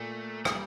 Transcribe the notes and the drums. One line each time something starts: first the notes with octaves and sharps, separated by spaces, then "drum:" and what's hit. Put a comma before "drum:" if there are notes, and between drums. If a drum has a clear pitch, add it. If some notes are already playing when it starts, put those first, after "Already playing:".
Already playing: A#2 A3
G3, drum: rim click